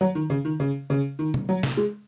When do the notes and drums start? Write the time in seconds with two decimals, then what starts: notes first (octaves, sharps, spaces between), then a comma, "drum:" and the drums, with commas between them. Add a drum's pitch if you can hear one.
0.01 F#3
0.15 D#3
0.30 C#3
0.45 D#3
0.60 C#3
0.90 C#3
1.19 D#3
1.34 drum: tom
1.49 F#3
1.63 drum: snare
1.77 G#3